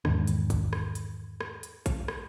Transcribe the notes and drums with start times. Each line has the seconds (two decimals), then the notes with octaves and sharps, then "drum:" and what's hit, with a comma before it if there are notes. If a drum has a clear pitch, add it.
0.05 E2 G#2 D#3 D4, drum: rim click
0.27 drum: hi-hat
0.50 drum: kick A1, hi-hat
0.73 drum: rim click
0.95 drum: hi-hat
1.41 drum: rim click
1.63 drum: hi-hat
1.86 drum: kick A1, hi-hat
2.08 drum: rim click